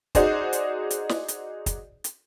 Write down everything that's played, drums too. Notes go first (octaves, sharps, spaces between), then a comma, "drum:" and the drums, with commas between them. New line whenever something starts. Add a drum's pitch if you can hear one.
D#4 F#4 G#4 C5 D5 D#5, drum: kick, hi-hat
drum: hi-hat
drum: hi-hat
drum: snare
drum: hi-hat
drum: kick, hi-hat
drum: hi-hat